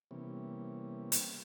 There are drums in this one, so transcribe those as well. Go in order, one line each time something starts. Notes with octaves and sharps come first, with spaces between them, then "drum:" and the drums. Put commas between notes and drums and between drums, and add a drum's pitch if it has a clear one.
C3 E3 G3 A#3 B3 C#4
drum: hi-hat